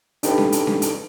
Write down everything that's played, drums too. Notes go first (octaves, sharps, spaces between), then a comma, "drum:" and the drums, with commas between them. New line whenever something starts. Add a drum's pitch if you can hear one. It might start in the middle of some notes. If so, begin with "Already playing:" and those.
D4 D#4 G4 A4 B4, drum: hi-hat
drum: snare C#4
drum: hi-hat
drum: snare C#4
drum: hi-hat